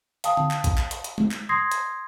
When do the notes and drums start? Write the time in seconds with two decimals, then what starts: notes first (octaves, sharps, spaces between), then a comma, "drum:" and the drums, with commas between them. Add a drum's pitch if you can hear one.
0.24 F5 G5 A5 D#6, drum: hi-hat
0.37 drum: tom D3
0.51 drum: clap
0.64 drum: kick, hi-hat
0.78 drum: clap
0.91 drum: hi-hat
1.04 drum: hi-hat
1.18 drum: tom
1.31 drum: clap
1.49 C6 D#6 G#6 A#6 C7
1.71 drum: hi-hat